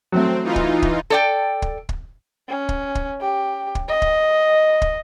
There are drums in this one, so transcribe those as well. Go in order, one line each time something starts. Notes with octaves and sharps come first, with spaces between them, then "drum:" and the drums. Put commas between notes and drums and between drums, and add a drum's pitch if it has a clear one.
F#3 A3 C4
E3 D#4 F4
drum: kick
drum: kick
A4 D5 G5
drum: kick
drum: kick
C#4
drum: kick
drum: kick
G4
drum: kick
D#5
drum: kick
drum: kick